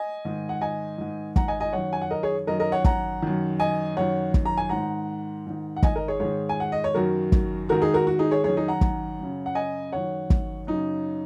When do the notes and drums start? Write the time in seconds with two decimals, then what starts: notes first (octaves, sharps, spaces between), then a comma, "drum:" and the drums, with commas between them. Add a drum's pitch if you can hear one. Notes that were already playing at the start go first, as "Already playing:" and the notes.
Already playing: D#5 G#5
0.25 G#2 D#3
0.49 F#5
0.61 D#5 G#5
0.98 G#2 D#3
1.36 F#5 A#5, drum: kick
1.48 D#5 G#5
1.60 D#5 G#5
1.73 F#2 D#3 C#5 F#5
1.93 G#5
2.01 F#5
2.10 A#4 D#5
2.23 G#4 C#5
2.47 F#2 D#3 A#4 D#5
2.60 A#4 D#5
2.72 C#5 F#5
2.84 F#5 A#5, drum: kick
3.22 F#2 D#3
3.60 D#5 G#5
3.97 F#2 D#3 C#5 F#5
4.34 drum: kick
4.45 A#5
4.57 G#5
4.69 G#2 D#3 F#5 A#5
5.46 G#2 D#3
5.76 F#5
5.83 D#5 G#5, drum: kick
5.95 A#4 D#5
6.08 G#4 C#5
6.20 G#2 D#3 G#4 C#5
6.49 G#5
6.60 F#5
6.72 D#5
6.84 C#5
6.94 F#2 D#3 F#4 A#4
7.32 drum: kick
7.69 G#2 D#3 F#4 A#4
7.82 D#4 G#4
7.94 F#4 A#4
8.07 F#4
8.19 D#4 G#4
8.31 G#4 C#5
8.44 F#2 D#3 G#4 C#5
8.57 D#4 G#4
8.68 F#5 A#5
8.81 drum: kick
9.19 F#2 C#3
9.46 F#5
9.55 D#5 G#5
9.92 F#2 D#3 C#5 F#5
10.30 drum: kick
10.67 F#2 C#3 D#4